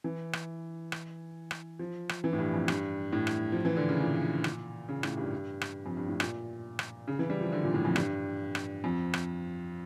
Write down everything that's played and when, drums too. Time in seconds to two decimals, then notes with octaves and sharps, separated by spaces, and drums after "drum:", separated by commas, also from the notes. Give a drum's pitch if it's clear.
0.04 E3
0.33 drum: rim click
0.92 drum: rim click
1.51 drum: rim click
1.79 F3
2.09 drum: rim click
2.24 E3
2.33 A2
2.39 G2
2.54 F2
2.68 G2, drum: rim click
3.13 A2
3.27 drum: rim click
3.52 F3
3.65 E3
3.76 D3
3.89 C#3
4.01 A#2
4.44 drum: rim click
4.89 C#3
5.03 A2, drum: rim click
5.17 G2
5.61 drum: rim click
5.86 F2
5.97 G2
6.08 A2
6.20 A#2, drum: rim click
6.79 drum: rim click
7.08 C#3
7.19 E3
7.30 G3
7.41 F3
7.52 D3
7.64 A#2
7.74 A2
7.85 F2
7.96 G2, drum: rim click
8.55 drum: rim click
8.84 F2
9.14 drum: rim click